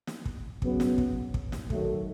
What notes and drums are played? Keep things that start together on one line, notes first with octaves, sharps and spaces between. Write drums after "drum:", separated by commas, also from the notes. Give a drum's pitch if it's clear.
drum: snare
drum: kick
C#3 F#3 B3, drum: kick
drum: snare
drum: kick
drum: kick
drum: snare
D#3 F#3 A3, drum: kick